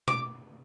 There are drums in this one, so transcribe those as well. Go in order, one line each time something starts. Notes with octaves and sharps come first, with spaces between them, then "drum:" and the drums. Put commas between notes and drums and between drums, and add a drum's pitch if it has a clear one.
D6, drum: tom B2